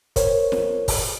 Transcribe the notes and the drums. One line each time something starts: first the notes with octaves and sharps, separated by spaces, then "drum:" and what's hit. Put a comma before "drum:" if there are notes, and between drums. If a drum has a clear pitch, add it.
A#4 C5 C#5, drum: kick, hi-hat
drum: snare
drum: kick, open hi-hat